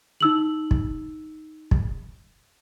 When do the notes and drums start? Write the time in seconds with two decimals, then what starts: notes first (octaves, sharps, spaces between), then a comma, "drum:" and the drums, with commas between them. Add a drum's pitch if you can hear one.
0.21 D#4 E6 F#7
0.71 drum: kick
1.71 drum: kick